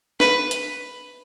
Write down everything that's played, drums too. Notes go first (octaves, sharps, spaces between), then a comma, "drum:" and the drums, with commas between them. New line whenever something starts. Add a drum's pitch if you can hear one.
B4, drum: snare
drum: hi-hat